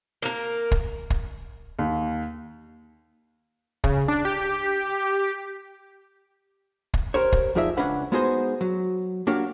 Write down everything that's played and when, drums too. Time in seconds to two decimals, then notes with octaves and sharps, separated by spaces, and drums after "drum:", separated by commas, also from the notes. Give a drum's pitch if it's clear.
0.22 A#3 A#4
0.71 drum: kick
1.10 drum: kick
1.79 D#2
3.84 C#3, drum: kick
4.08 D4
4.25 G4
6.94 drum: kick
7.14 G4 A#4 C5 C#5
7.32 drum: kick
7.55 F2 F3 D#4 G#4 D5 E5
7.77 C#2 G#2 C#4 D4 B4 F#5
8.12 G#3 B3 D#4 F#4 G#4 C5
8.61 F#3
9.27 A#3 D4 F#4 G4 C#5